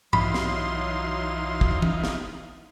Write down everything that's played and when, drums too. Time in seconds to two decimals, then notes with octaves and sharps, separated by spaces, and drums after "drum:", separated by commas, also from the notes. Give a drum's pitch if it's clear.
0.13 B1 E3 F#3 D#4 F4 B5 C6, drum: tom G#2
0.34 drum: snare
1.61 drum: kick
1.82 drum: tom
2.04 drum: snare